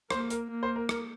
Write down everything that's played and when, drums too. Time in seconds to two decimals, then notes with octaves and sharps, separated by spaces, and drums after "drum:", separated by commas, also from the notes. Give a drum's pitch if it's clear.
0.10 A#3 C5, drum: rim click
0.30 A#4, drum: hi-hat
0.50 A#3
0.63 C5
0.76 A#4
0.89 A#4, drum: rim click